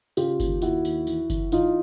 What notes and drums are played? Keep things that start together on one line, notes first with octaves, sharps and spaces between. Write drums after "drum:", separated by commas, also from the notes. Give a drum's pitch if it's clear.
C#3 F4 G4, drum: tambourine
D#2, drum: kick F#1, tambourine
D#2 E4 F#4, drum: tambourine
D#2, drum: tambourine
E3, drum: tambourine
E3, drum: kick F#1, tambourine
E3 D#4 F4, drum: tambourine